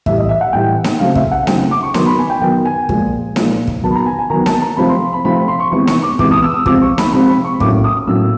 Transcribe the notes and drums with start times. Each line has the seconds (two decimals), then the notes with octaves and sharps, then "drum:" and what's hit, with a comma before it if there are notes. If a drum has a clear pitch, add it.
0.06 A2 E3 G3 E5, drum: kick
0.18 D#5
0.29 E5
0.41 F#5
0.53 A2 E3 G3 G5
0.84 drum: snare D#4
1.00 C#3 F#3 A3 C4 F5
1.15 E5, drum: kick
1.31 F#5
1.47 C#3 F#3 A3 C4 G5, drum: snare D#4
1.71 D6
1.83 C#6
1.94 D#3 F#3 B3 C6, drum: snare D#4
2.06 B5
2.19 G#5
2.30 G5
2.42 D#3 F#3 B3 G5
2.65 G#5
2.89 A#2 F3 G#3, drum: kick
3.36 A#2 F3 G#3, drum: snare D#4
3.67 drum: kick
3.83 D#3 F#3 B3 A5
3.91 B5
3.96 A#5
4.06 G#5
4.19 G#5
4.30 D#3 F#3 B3 A#5
4.46 A5, drum: snare D#4
4.62 A#5
4.77 C3 F3 A3 C4 B5
4.89 C6
5.13 B5
5.25 C3 F3 A3 C4 B5
5.37 B5
5.48 C6
5.60 C#6
5.72 C3 E3 G#3 B3 C#6
5.87 C#6, drum: snare D#4
6.03 D6
6.19 C3 E3 G#3 B3 D6, drum: kick
6.31 D#6
6.43 E6
6.54 D#6
6.66 C3 F3 G#3 C4 D6, drum: kick
6.82 C#6
6.98 B5, drum: snare D#4
7.13 C3 F3 G#3 C4 B5
7.29 B5
7.45 C#6
7.60 A2 F#3 A#3 C#4 D6, drum: kick
7.84 D#6
8.08 A2 F#3 A#3 C#4 E6